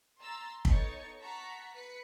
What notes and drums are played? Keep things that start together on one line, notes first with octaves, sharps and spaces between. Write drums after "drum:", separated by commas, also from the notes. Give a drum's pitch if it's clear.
A#5 C6 E6 A6
B3 D#4 A4 C#5 C#6 A6, drum: kick
F#5 A5 A#5 C#6 B6
B4 B6 C#7